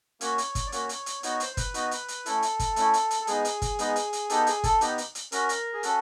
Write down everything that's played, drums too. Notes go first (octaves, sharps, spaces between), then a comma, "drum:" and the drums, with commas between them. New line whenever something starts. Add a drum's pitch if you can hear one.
A#3 C#4 F#4 C#5, drum: hi-hat
drum: hi-hat
drum: kick G1, hi-hat
D5
A#3 C#4 F#4 C#5, drum: hi-hat
drum: hi-hat
drum: hi-hat
B3 D#4 F#4 C#5, drum: hi-hat
C5, drum: hi-hat
C5
B4, drum: kick G1, hi-hat
B3 D#4 F#4, drum: hi-hat
drum: hi-hat
drum: hi-hat
A3 C#4 E4 A4, drum: hi-hat
drum: hi-hat
drum: kick G1, hi-hat
A3 C#4 E4, drum: hi-hat
drum: hi-hat
drum: hi-hat
A4
G#3 B3 D#4 G#4, drum: hi-hat
drum: hi-hat
drum: kick G1, hi-hat
G#3 B3 D#4, drum: hi-hat
drum: hi-hat
drum: hi-hat
B3 D#4 G4 A4, drum: hi-hat
G#4, drum: hi-hat
A4, drum: kick G1, hi-hat
B3 D#4 G4, drum: hi-hat
drum: hi-hat
drum: hi-hat
C#4 F#4 A#4, drum: hi-hat
drum: hi-hat
G#4
C#4 F#4 A4, drum: hi-hat